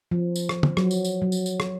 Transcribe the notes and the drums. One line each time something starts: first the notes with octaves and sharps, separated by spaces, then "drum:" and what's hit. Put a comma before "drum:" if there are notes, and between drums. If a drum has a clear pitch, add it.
F3
drum: tambourine
drum: rim click
drum: tom
F#3, drum: rim click
drum: tambourine
drum: tambourine
F#3
drum: tambourine
drum: tambourine
drum: rim click